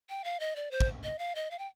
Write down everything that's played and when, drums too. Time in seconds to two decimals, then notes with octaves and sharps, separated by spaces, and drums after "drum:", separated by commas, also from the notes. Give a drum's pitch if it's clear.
0.10 G5
0.24 F5
0.40 D#5
0.56 D5
0.71 C5
0.80 drum: kick
1.04 D#5
1.19 F5
1.35 D#5
1.51 F5
1.59 G5